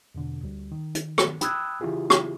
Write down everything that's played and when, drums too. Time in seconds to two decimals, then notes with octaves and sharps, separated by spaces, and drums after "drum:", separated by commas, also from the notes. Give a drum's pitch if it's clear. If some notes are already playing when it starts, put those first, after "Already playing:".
0.15 E2 B2 D3
0.43 D2 G3
0.72 D#3
0.95 drum: hi-hat
1.18 drum: rim click
1.41 G5 B5 D#6 E6 F#6 G#6, drum: hi-hat
1.81 C#3 E3 E4 F4 G4 G#4
2.10 drum: rim click